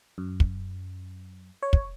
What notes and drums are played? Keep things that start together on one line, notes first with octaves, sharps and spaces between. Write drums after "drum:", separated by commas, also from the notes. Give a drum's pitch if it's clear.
F#2
drum: kick
C#5
drum: kick